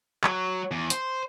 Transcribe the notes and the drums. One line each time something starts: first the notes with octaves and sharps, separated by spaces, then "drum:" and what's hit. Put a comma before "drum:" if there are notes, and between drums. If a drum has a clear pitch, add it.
F#3, drum: clap
E2
C5, drum: hi-hat